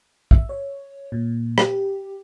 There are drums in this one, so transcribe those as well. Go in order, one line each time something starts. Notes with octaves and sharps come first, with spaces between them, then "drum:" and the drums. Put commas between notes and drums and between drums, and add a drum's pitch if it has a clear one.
E5, drum: kick
C#5
A#2
G4, drum: rim click